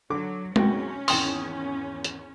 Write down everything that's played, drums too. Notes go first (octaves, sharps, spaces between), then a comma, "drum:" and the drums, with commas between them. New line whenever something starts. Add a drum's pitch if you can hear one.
D3 F#3 D6
B1 F#2 G#3 C4 C#4 F#4 G5, drum: tom G#3
G#1 E2 G5 C6 C#6 D#6, drum: open hi-hat
drum: hi-hat